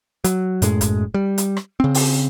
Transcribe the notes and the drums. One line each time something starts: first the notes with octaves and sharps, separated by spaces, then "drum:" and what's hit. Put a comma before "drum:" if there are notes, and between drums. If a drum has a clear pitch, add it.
F#3, drum: hi-hat
F#2 A2 G#3, drum: hi-hat
drum: kick, hi-hat
G3
drum: hi-hat
drum: rim click
C#3 C4
drum: open hi-hat